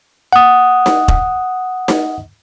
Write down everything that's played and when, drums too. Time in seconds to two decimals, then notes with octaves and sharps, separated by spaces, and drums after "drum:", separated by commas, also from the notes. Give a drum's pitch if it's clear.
0.33 F#5 D#6
0.86 drum: snare D#4
1.08 drum: kick
1.88 drum: snare D#4